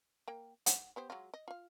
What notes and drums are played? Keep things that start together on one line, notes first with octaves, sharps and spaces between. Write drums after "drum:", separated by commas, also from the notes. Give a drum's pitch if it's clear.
A#3 G5
F#5, drum: hi-hat
B3 G4 C5
F#3 G#3 F4
D#5
F4 F5